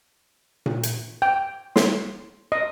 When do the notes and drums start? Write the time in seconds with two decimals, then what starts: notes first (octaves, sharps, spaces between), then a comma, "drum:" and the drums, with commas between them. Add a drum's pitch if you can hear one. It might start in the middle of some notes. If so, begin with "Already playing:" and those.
0.66 drum: tom A#2
0.83 drum: hi-hat
1.22 G5
1.76 C6, drum: snare
2.52 D#5